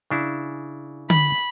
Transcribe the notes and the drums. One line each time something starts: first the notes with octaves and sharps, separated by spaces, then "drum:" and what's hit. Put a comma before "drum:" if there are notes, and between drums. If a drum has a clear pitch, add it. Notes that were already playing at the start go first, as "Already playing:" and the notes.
C#3 D4 E4
B5, drum: tom D3